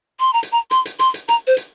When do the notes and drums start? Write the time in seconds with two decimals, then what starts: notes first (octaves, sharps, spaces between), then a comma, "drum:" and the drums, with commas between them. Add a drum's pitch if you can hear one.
0.20 C6
0.33 A#5
0.43 drum: hi-hat
0.52 A#5
0.71 C6, drum: hi-hat
0.85 drum: hi-hat
0.99 C6, drum: hi-hat
1.14 drum: hi-hat
1.28 A#5, drum: hi-hat
1.47 C5
1.57 drum: hi-hat